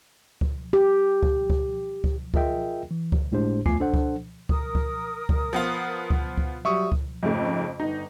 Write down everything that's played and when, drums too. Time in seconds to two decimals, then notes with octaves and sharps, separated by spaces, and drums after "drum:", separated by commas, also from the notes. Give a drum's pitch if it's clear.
0.41 drum: kick C#2
0.73 G4
1.23 drum: kick C#2
1.50 drum: kick C#2
2.04 drum: kick C#2
2.34 F4 G#4 A#4 D#5 E5 G5, drum: kick C#2
2.91 E3
3.12 drum: kick C#2
3.32 G1 A2 G#3 D4 G4 C5
3.66 E2 A3 F4 G#5 D6 C7, drum: kick C#2
3.80 D4 A4 C5 F#5
3.94 drum: kick C#2
4.49 A#4 D#6, drum: kick C#2
4.75 drum: kick C#2
5.29 drum: kick C#2
5.53 F3 B3 F4
6.10 drum: kick C#2
6.38 drum: kick C#2
6.65 F#3 G3 E5 C#6 D#6
6.92 drum: kick C#2
7.23 F2 G#2 C#3 A3
7.80 G1 D#4